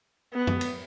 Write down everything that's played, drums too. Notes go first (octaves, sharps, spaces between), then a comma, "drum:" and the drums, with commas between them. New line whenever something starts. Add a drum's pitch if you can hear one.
B3
drum: tom F#2
drum: cymbal